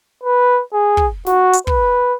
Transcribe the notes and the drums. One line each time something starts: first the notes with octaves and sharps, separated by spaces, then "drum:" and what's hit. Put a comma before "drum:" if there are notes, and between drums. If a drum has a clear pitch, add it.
B4
G#4
drum: kick
F#4, drum: snare
drum: hi-hat
B4, drum: kick